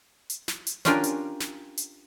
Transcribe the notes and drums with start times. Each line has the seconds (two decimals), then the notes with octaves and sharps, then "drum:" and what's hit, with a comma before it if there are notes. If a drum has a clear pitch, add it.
0.30 drum: hi-hat
0.48 drum: snare
0.67 drum: hi-hat
0.85 C#4 D4 F4 G4 A#4 G#5, drum: snare
1.04 drum: hi-hat
1.40 drum: snare
1.77 drum: hi-hat